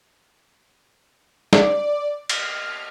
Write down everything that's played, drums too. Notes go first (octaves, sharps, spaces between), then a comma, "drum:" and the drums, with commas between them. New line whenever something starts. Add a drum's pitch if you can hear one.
D5, drum: snare
F6, drum: cymbal